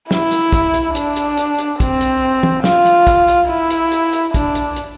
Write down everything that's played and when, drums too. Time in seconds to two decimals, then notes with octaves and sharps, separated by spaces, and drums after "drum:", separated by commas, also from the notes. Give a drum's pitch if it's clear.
0.11 E4, drum: snare
0.31 drum: hi-hat
0.52 drum: kick, hi-hat
0.74 drum: hi-hat
0.95 D4, drum: hi-hat
1.16 drum: hi-hat
1.37 drum: hi-hat
1.58 drum: hi-hat
1.80 C4, drum: kick, hi-hat
2.01 drum: hi-hat
2.43 drum: tom
2.64 F4, drum: snare
2.86 drum: hi-hat
3.07 drum: kick, hi-hat
3.28 drum: hi-hat
3.49 E4
3.70 drum: hi-hat
3.92 drum: hi-hat
4.13 drum: hi-hat
4.34 D4, drum: kick, hi-hat
4.55 drum: hi-hat
4.76 drum: hi-hat